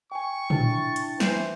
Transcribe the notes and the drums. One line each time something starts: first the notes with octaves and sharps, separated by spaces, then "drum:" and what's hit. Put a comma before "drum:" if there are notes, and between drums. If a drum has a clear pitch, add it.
G5 G#5 C#6
D4 E4 G5 A5, drum: tom
drum: hi-hat
E3 C5, drum: snare